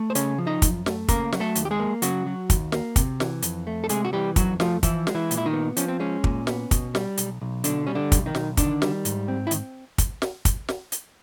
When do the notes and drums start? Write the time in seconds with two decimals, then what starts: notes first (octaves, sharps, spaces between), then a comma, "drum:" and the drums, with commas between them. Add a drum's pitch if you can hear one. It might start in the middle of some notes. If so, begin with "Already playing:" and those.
Already playing: A3
0.10 C5
0.15 C#3 C#4 C#5, drum: hi-hat
0.38 F3
0.47 D#4 D#5
0.62 F#2, drum: kick, hi-hat
0.86 A3, drum: snare
1.08 C#3 A#3 A#4, drum: kick, hi-hat
1.32 F#3, drum: snare
1.40 A3 A4
1.55 D#2, drum: hi-hat
1.65 G4
1.71 G#3 G#4
1.80 A#3
2.02 C#3 F#3 F#4, drum: hi-hat
2.27 F#3
2.50 D#2, drum: kick, hi-hat
2.72 A#3, drum: snare
2.96 C3, drum: kick, hi-hat
3.20 E3, drum: snare
3.42 F2, drum: hi-hat
3.67 A3
3.84 A4
3.89 C3 G#3 G#4, drum: hi-hat
4.05 F#4
4.13 E3 G3 G4
4.36 F2 F#3 F#4, drum: kick, hi-hat
4.60 F3 A3 F4, drum: snare
4.83 E3 F3 E4, drum: kick, hi-hat
5.07 G#3, drum: snare
5.15 E3 E4
5.31 A#2, drum: hi-hat
5.37 E4
5.46 D#3 D#4
5.53 B3
5.77 F3 C#4, drum: hi-hat
5.88 C4
6.00 G#3 C#4
6.24 A#2, drum: kick
6.47 B3, drum: snare
6.71 B2, drum: kick, hi-hat
6.95 G3, drum: snare
7.17 B1, drum: hi-hat
7.41 B1
7.64 B2 D3 D4, drum: hi-hat
7.87 G3 C#4
7.95 D3 D4
8.12 B1, drum: kick, hi-hat
8.26 D#3 D#4
8.35 B1, drum: snare
8.57 D3 D#3 D4, drum: kick, hi-hat
8.82 G3, drum: snare
9.05 G#2, drum: hi-hat
9.28 C4
9.47 E4
9.51 D#3, drum: hi-hat
9.98 drum: kick, hi-hat
10.22 drum: snare
10.45 drum: kick, hi-hat
10.69 drum: snare
10.92 drum: hi-hat